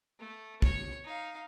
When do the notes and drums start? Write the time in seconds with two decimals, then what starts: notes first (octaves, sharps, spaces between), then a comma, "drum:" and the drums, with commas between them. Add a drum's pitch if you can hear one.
0.20 A3
0.62 C#5, drum: kick
1.05 D#4 F5